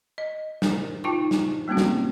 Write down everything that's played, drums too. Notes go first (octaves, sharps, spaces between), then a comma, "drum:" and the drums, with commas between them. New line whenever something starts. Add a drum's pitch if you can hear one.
D#5
A#4, drum: snare
D#4 F4 G5 A5 C#6
drum: snare
G3 A#3 C4 C#4 F#4
drum: snare